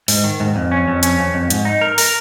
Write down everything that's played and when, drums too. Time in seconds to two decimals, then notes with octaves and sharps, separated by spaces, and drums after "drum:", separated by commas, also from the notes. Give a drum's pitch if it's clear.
0.08 G#2, drum: open hi-hat
0.24 D#3
0.40 G#2
0.56 F2
0.71 C#4
0.88 F2
1.03 C#4, drum: hi-hat
1.19 F2
1.34 F2
1.50 G#2, drum: hi-hat
1.65 D#4
1.81 A#4
1.98 A#4, drum: open hi-hat